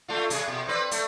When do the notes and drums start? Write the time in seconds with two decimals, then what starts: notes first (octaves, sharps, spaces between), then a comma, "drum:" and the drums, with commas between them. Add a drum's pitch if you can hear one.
0.08 A3 D4 F4
0.30 C3 G#4, drum: hi-hat
0.48 B2
0.67 C4 B4 D5
0.91 A3, drum: hi-hat